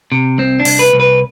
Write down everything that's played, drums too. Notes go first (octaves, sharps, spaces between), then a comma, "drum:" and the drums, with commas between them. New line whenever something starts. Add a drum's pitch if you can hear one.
C3
C2 C4
D4
C2, drum: open hi-hat
B4
C2
B4